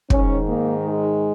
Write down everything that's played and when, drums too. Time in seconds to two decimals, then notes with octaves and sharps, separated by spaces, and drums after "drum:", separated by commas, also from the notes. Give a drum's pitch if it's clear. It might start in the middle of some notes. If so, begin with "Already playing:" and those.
0.10 G#2 D#3 C#4, drum: kick
0.48 A#3
0.86 G#3